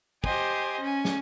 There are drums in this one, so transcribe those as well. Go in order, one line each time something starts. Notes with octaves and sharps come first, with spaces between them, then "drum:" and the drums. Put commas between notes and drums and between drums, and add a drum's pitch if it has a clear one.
G4 C5 D#5 G#5, drum: kick
C#4 G#5
drum: snare